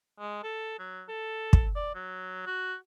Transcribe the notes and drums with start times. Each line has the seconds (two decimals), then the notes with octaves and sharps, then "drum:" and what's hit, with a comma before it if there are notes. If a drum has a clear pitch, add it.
0.19 G#3
0.43 A4
0.79 F#3
1.08 A4
1.53 drum: kick
1.75 D5
1.95 F#3
2.46 F#4